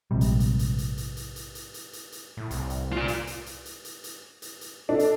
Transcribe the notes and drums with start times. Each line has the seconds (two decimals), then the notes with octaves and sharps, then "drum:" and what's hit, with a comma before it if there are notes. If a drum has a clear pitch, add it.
0.11 A#1 G#2 C3 G3
0.21 drum: hi-hat
0.40 drum: hi-hat
0.59 drum: hi-hat
0.78 drum: hi-hat
0.97 drum: hi-hat
1.17 drum: hi-hat
1.36 drum: hi-hat
1.55 drum: hi-hat
1.74 drum: hi-hat
1.93 drum: hi-hat
2.12 drum: hi-hat
2.37 A2
2.51 C2, drum: hi-hat
2.70 drum: hi-hat
2.93 F4 D5
3.08 drum: hi-hat
3.27 drum: hi-hat
3.46 drum: hi-hat
3.65 drum: hi-hat
3.85 drum: hi-hat
4.04 drum: hi-hat
4.42 drum: hi-hat
4.61 drum: hi-hat
4.89 D4 A4
4.99 drum: hi-hat